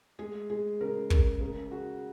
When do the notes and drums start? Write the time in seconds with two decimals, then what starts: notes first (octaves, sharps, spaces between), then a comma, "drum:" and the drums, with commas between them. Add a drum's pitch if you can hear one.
0.19 G#3 G#4
0.50 G#3 G#4
0.81 C#3 A#4
1.10 C#3 A#4, drum: kick
1.40 C#3 A#4
1.71 F#4 G#4